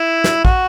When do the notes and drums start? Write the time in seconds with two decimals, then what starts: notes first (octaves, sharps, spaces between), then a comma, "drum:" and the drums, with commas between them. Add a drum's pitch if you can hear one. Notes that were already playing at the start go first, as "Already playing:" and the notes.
Already playing: E4
0.24 drum: snare
0.45 F#4, drum: kick